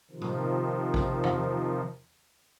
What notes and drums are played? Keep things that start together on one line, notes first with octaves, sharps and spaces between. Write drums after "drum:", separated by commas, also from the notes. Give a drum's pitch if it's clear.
C3 D#3 F3
drum: tom A2
drum: kick A1
drum: tom